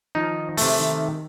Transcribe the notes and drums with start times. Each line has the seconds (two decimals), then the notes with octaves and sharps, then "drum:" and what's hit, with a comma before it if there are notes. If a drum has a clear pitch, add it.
0.15 D#3 F3 D#4
0.57 C3 A3, drum: open hi-hat
0.79 D#3